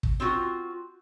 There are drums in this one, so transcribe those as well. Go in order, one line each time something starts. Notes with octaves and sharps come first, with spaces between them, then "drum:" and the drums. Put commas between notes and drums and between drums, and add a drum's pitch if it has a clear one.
drum: kick
C4 F4 F#4